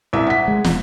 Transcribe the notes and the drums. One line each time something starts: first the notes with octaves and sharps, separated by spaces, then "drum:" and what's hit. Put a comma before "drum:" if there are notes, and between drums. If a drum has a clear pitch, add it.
C2 E5
F#5 B6
G#3
E1, drum: snare